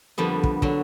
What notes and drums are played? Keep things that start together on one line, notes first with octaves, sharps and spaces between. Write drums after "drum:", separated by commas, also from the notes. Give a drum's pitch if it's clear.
F2 D3 G3 A#3 B3
drum: kick
D3 F#3, drum: kick